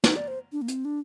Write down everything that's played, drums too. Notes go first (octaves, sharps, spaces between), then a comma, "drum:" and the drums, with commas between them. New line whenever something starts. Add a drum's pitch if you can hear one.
D#4, drum: snare
D5
C5
D4
A#3
C4, drum: hi-hat
D4